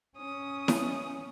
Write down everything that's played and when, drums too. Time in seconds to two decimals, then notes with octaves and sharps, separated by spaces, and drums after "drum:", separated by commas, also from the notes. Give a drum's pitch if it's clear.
0.18 C#4 D#6
0.68 drum: snare E4